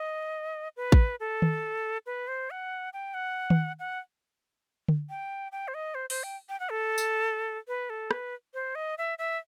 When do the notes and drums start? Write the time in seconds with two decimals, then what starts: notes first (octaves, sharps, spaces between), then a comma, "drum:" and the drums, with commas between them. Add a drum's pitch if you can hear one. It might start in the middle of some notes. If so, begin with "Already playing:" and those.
Already playing: D#5
0.77 B4
0.92 drum: kick A1
1.20 A4
1.42 drum: tom D#3
2.06 B4
2.28 C5
2.51 F#5
2.93 G5
3.14 F#5
3.50 drum: tom D#3
3.79 F#5
4.88 drum: tom D3
5.10 G5
5.52 G5
5.68 C5
5.74 D#5
5.95 C5
6.10 C5, drum: open hi-hat
6.24 G5
6.49 G5
6.60 F#5
6.71 A4
6.98 drum: tambourine
7.68 B4
7.90 A4
8.11 B4, drum: rim click
8.54 C5
8.75 D#5
8.98 E5
9.18 E5